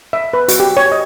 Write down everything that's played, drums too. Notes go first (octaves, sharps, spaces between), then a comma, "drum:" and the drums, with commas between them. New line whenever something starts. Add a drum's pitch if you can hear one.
E5
B4
F#4, drum: hi-hat
G4
C#5
D#5